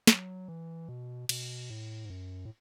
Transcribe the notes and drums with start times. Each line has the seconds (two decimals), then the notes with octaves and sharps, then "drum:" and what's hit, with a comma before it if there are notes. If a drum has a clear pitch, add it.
0.07 F#3, drum: snare
0.48 E3
0.89 B2
1.29 B2, drum: cymbal
1.70 A2
2.05 G#2
2.10 F#2
2.45 A2